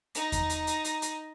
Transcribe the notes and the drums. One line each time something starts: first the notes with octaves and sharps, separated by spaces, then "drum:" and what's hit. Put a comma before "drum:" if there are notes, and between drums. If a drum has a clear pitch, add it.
D#4 A#5, drum: hi-hat
drum: kick E2, hi-hat
drum: hi-hat
drum: hi-hat
drum: hi-hat
drum: hi-hat